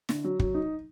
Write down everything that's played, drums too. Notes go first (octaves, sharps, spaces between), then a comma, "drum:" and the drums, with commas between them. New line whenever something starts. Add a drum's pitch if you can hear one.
D3, drum: snare
F#3
F#3, drum: kick
D#4